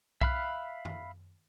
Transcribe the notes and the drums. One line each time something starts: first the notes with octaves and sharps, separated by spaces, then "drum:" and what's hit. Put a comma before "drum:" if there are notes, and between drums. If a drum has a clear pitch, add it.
E5 F5 B5 F6 F#6, drum: kick B1
drum: tom F#2